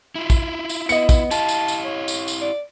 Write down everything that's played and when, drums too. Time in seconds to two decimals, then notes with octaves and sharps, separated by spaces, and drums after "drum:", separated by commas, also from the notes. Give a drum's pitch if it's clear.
0.15 E4 F4
0.30 drum: kick, tambourine
0.69 drum: tambourine
0.89 B3 D#5 C#7, drum: tambourine
1.09 drum: kick, tambourine
1.31 E4 G4 F5 A5, drum: tambourine
1.48 drum: tambourine
1.68 drum: tambourine
1.85 C#5
2.08 drum: tambourine
2.28 drum: tambourine
2.41 D5